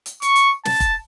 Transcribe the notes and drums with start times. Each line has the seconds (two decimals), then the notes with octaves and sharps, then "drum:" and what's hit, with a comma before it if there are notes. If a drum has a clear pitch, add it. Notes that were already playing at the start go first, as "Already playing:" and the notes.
0.06 drum: hi-hat
0.22 C#6, drum: hi-hat
0.36 drum: hi-hat
0.65 A5, drum: snare
0.80 drum: kick, hi-hat